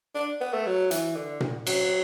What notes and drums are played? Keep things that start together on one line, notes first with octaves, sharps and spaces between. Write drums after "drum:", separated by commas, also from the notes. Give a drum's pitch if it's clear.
D4
B3
A3
F#3
E3, drum: hi-hat
D3
drum: tom A#2
F#3, drum: cymbal